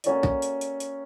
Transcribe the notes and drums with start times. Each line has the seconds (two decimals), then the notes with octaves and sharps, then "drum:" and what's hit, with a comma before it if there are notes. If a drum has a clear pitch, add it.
0.04 A#3 C#4 F#4 A4 D5, drum: hi-hat
0.23 drum: kick A1
0.42 drum: hi-hat
0.61 drum: hi-hat
0.80 drum: hi-hat